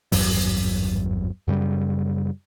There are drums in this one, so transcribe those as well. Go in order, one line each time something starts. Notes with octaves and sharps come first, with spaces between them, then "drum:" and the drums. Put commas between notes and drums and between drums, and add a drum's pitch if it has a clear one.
G#1 E2 G2 F#3, drum: open hi-hat
F#2 C#3 G3